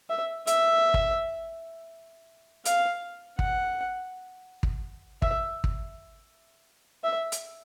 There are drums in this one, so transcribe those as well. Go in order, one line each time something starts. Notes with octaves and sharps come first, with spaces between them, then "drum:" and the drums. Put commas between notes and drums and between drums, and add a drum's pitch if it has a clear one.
E5
E5, drum: hi-hat
drum: kick
F5, drum: hi-hat
F#5, drum: kick
drum: kick
E5, drum: kick
drum: kick
E5
drum: hi-hat